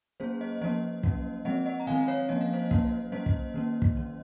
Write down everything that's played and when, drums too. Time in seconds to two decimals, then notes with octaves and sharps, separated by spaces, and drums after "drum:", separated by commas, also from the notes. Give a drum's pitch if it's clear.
0.20 F#3 A#3 C#4 G#4 C5
0.41 C5 D#5
0.61 F3 A#3 C#4 C5 D#5
1.03 F#3 A#3 C#4, drum: kick
1.45 F3 G#3 C4 D#5 F#5
1.66 D#5 F#5
1.80 A#5
1.87 D#3 F#3 C4 F5 G#5
2.08 C#5 F5
2.29 F3 A#3 C#4 D#5
2.41 F5
2.53 C5 D#5
2.71 F#3 A#3 C#4, drum: kick
3.12 F#3 A#3 C#4 C5 D#5
3.26 drum: kick
3.54 D#3 A#3 C#4
3.82 drum: kick
3.96 D#3 F#3 C#4